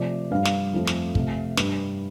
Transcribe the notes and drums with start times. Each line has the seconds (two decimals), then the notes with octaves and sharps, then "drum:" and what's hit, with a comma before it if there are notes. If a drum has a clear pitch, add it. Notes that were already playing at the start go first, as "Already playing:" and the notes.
Already playing: C3 F3 A3 D5
0.31 G2 G3 F5
0.45 drum: snare
0.73 F2 F3 A3
0.87 drum: snare
1.15 C3 A3, drum: kick
1.57 G2 G3, drum: snare